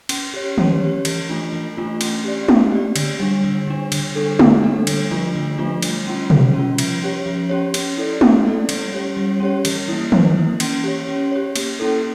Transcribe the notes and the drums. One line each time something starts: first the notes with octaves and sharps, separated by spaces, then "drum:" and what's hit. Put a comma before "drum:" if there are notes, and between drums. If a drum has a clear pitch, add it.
C#4, drum: cymbal
G4 C#5
C#4, drum: tom D#3
G4 C#5
E3, drum: cymbal
A3 D4 F4
E3
A3 D4 F4
C#4, drum: cymbal
G4 D5
C#4, drum: tom G#3
G4 D5
D3, drum: cymbal
G3 D4
D3
G3 D4
D3, drum: cymbal
G3 D4 A4
D3, drum: tom G#3
G3 D4 A4
D3, drum: cymbal
F3 A3 D4 F4
D3
F3 A3 D4 F4
G3, drum: cymbal
C#4 F4
G3, drum: tom B2
C#4 F4
F3, drum: cymbal
C#4 G4 C#5
F3
C#4 G4 C#5
C#4, drum: cymbal
E4 A4 D5
C#4, drum: tom G#3
E4 A4 D5
G3, drum: cymbal
C#4 G4 C#5
G3
C#4 G4 C#5
E3, drum: cymbal
A#3 E4
E3, drum: tom D#3
A#3 E4
C#4, drum: cymbal
G4 C#5
C#4
G4 C#5
A#3, drum: cymbal
C#4 E4 A4